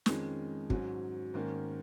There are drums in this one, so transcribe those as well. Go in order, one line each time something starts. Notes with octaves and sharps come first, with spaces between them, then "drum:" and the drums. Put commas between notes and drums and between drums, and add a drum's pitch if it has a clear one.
F2 D#3 G#3 C#4, drum: snare
G#2 F#3 C#4, drum: kick
G#2 D#3 A#3 C#4